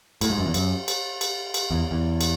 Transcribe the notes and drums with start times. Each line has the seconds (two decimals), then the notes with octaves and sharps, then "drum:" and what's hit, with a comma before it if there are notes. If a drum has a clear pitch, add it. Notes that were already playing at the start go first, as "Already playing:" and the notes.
0.21 A2, drum: cymbal
0.30 G#2
0.38 F#2
0.46 E2
0.54 F#2, drum: cymbal
0.88 drum: cymbal
1.21 drum: cymbal
1.54 drum: cymbal
1.71 E2
1.91 E2
2.21 drum: cymbal